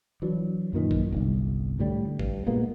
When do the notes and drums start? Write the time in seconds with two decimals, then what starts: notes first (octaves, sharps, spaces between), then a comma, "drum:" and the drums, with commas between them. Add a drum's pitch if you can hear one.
0.22 E3 F#3 D4
0.73 F#2 A#2 D#3 E3
0.91 drum: kick A1
1.12 D1 G1 C2
1.79 A2 D3 G3
2.19 G2, drum: kick A1
2.47 A#2 G#3 A#3 B3